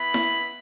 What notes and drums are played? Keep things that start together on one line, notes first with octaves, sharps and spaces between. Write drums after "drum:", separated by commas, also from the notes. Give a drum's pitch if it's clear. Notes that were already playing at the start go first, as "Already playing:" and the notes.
Already playing: B3 E4 B5
drum: snare E4